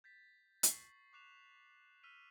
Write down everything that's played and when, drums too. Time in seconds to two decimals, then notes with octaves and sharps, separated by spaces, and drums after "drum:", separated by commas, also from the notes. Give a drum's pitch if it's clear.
0.04 G6 A6 B6
0.63 C#6 B6 C7 F#7, drum: hi-hat
1.13 C#6 D6 F#6 C7 E7 F7
2.03 E6 F6 B6 D#7 F7